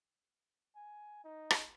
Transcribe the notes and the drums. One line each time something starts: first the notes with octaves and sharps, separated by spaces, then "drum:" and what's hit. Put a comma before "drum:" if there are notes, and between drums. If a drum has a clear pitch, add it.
G#5
D#4
drum: rim click